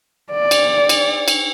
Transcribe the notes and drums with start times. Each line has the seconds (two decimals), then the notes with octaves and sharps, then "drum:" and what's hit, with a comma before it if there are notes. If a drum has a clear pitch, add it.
0.32 D5
0.51 drum: cymbal
0.89 drum: cymbal
1.28 drum: cymbal